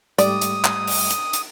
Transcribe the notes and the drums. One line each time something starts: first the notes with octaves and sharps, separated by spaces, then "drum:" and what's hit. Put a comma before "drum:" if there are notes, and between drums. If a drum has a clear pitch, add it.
G#2 G3 A3 D5 D#6, drum: hi-hat
drum: hi-hat
drum: clap
drum: open hi-hat
drum: hi-hat
drum: hi-hat